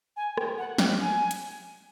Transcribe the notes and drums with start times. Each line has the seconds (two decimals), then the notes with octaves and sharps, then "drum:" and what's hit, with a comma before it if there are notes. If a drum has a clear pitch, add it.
0.16 G#5
0.38 G5, drum: rim click
0.58 F#5
0.78 G5, drum: snare
1.00 G#5
1.31 drum: hi-hat